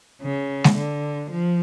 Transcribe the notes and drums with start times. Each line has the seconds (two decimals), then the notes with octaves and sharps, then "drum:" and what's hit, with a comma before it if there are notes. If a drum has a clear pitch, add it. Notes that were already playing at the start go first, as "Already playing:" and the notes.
0.22 C#3
0.64 drum: snare G#3
0.76 D3
1.30 F3